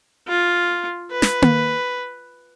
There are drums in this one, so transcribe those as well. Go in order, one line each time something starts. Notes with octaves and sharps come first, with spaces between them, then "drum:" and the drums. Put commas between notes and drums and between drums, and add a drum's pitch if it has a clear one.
F4
B4
drum: snare
drum: tom A#3